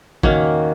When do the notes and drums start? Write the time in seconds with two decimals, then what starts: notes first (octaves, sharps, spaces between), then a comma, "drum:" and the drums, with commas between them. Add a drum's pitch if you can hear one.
0.23 D#3 A#3 C#4 F#4, drum: kick